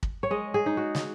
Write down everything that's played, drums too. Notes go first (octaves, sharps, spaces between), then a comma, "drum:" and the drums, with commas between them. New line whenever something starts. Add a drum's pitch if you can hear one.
drum: kick
C#5
G#3 D#5
G#4
D#4
F#4
drum: snare